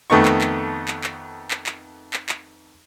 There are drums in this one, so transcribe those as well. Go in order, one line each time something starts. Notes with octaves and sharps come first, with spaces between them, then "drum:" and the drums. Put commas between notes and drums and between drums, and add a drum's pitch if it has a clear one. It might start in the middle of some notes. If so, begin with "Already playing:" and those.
F2 D#3 A3 B3 D#4 C#6
drum: clap
drum: clap
drum: clap
drum: clap
drum: clap
drum: clap
drum: clap
drum: clap